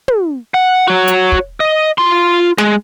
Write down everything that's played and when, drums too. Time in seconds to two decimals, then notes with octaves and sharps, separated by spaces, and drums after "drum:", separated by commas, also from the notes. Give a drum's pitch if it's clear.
0.08 drum: tom
0.54 F#5
0.88 F#4 C#5
1.08 drum: hi-hat
1.32 drum: kick
1.60 D#5
1.98 F4 C6
2.58 G#3, drum: snare